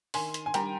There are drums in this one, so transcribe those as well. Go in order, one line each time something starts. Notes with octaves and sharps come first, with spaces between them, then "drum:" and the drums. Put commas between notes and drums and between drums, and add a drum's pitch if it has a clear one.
D#3 G#5 C6, drum: open hi-hat
drum: hi-hat
G#5
G3 G5 A#5, drum: hi-hat